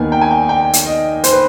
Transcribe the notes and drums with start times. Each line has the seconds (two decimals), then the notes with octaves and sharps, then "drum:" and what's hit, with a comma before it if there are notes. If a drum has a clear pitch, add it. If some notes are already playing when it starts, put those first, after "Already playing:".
Already playing: D#2 D#3 B3 G#5
0.12 G5
0.21 G#5
0.31 G5
0.49 G5
0.73 drum: hi-hat
0.86 D#5
1.24 C5, drum: hi-hat
1.32 B4